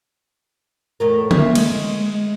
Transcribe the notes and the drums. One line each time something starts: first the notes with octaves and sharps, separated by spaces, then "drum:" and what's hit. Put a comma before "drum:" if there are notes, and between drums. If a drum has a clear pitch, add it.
E2 A2 A#4
A#3 E5, drum: tom D3
G#3, drum: cymbal